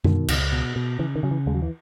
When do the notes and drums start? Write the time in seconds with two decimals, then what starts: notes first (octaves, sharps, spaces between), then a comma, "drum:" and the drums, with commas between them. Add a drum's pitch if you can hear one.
0.04 B2 D#3, drum: tom F#2
0.28 C#2, drum: cymbal
0.52 B2
0.76 B2
0.99 C#3 E3
1.15 D#3
1.23 C#3 F#3
1.31 E3
1.46 D#2 G#3
1.55 F#3
1.62 E3